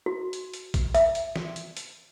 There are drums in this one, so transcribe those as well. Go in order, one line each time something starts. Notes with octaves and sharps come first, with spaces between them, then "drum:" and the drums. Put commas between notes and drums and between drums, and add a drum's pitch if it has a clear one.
F#4
drum: hi-hat
drum: hi-hat
drum: kick, hi-hat
E5, drum: hi-hat
drum: hi-hat
drum: snare
drum: hi-hat
drum: hi-hat